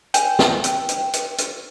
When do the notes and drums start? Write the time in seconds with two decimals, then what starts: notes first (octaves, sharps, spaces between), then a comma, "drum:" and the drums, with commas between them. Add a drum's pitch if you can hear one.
0.14 G5 G#5, drum: hi-hat
0.39 drum: snare
0.64 drum: hi-hat
0.89 drum: hi-hat
1.13 drum: hi-hat
1.38 drum: hi-hat